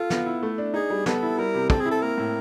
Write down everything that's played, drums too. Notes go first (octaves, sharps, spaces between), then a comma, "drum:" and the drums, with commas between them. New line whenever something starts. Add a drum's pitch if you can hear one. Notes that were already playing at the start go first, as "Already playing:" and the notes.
Already playing: F4 A4
B3, drum: snare
E4
A3
D4
D#4 G#4
G3
B3 A4, drum: snare
E4
G3 A#4
C3
C4 A4, drum: kick
G#4
E4
A4
A#3 A#4
A2